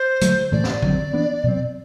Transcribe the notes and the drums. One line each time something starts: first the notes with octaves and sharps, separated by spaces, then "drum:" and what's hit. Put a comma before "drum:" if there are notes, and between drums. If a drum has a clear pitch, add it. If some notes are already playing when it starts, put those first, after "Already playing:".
Already playing: C5
D3 F#3 A3, drum: hi-hat
A2 E3 A3 D5
drum: snare
D3 F#3 C4, drum: kick
E3 B3 D4
B2 F#3 C4